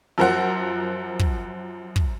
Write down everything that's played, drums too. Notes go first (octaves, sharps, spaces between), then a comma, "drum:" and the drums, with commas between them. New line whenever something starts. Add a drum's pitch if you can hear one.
F#2 F3 A#4 C5 F#5
drum: kick
drum: kick